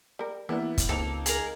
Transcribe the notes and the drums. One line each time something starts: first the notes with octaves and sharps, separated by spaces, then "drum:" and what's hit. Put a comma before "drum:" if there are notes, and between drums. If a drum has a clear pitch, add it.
G3 A#4
E3 G3 A#3 B3 D4 E4
drum: kick, hi-hat
C#2 A#3 C4 D#4 A4 F7
G#4 A#4, drum: hi-hat